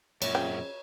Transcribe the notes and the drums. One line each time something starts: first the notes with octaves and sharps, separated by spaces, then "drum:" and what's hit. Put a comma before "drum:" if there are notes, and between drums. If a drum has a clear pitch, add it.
F#2 A#2 C#5, drum: cymbal
C#3 F3 G5